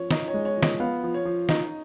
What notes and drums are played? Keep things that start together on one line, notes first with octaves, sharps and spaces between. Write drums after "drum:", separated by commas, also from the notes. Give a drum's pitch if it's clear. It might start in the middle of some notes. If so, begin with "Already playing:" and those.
Already playing: F3 C#5
D#4 D#5, drum: snare
C#5
G#3
C#5
F3
D#5, drum: snare
B3 F5
F3
C#5
F3
D#4 D#5, drum: snare